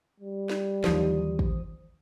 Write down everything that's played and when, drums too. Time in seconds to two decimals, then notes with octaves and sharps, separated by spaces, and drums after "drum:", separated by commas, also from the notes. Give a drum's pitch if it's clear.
0.20 G3
0.50 drum: snare
0.84 D#2 E3 F3 C5 D#6, drum: snare
1.39 drum: kick